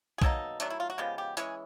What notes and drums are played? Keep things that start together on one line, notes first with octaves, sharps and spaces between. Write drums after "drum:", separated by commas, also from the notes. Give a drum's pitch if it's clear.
G#4
B2 F#3 A#3 D#4 A4, drum: kick
D#3 F#3 A3 D4, drum: hi-hat
E4
F4
F#4
C#3 F3 G#3 B3 G4
G4
E3 G#3 C#4 G#4, drum: hi-hat